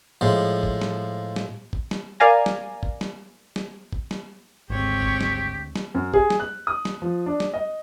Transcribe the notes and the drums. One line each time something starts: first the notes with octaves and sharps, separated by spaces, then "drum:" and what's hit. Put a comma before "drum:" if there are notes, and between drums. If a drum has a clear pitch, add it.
A2 F3 G#3
drum: kick G#1
drum: snare
drum: snare
drum: kick G#1
drum: snare
A#4 D5 F5 G#5 A#5
drum: snare
drum: kick G#1
drum: snare
drum: snare
drum: kick G#1
drum: snare
G#1 D2 G#3 C4 G4 C#5
drum: kick G#1
drum: snare
drum: snare
F#2
G#4, drum: kick G#1
drum: snare
F#6
D#6
drum: snare
F3
D4
drum: snare
D#5